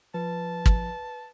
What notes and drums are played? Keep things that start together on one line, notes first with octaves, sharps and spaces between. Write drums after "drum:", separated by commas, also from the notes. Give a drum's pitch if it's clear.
F3 B4 A5
drum: kick